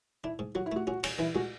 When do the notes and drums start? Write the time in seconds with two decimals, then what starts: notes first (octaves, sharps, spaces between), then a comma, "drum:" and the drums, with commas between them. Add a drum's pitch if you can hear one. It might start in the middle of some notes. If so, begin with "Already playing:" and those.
0.24 D4 E4
0.39 G#2
0.55 F#3 F#4
0.66 E4
0.72 A3 F#4
0.87 C#4 F#4
1.03 C#4, drum: cymbal
1.19 E3 E4
1.35 G#3 F#4